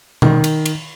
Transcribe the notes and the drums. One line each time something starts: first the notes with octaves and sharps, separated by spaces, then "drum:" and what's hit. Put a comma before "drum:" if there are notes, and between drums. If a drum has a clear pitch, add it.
D#3, drum: tom B2
drum: cymbal
drum: cymbal